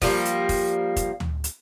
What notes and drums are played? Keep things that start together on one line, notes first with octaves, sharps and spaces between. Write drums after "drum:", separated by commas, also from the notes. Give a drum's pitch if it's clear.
F3 G3 A#3, drum: kick, open hi-hat
drum: hi-hat
drum: kick, open hi-hat
drum: kick, hi-hat
drum: tom D2
drum: hi-hat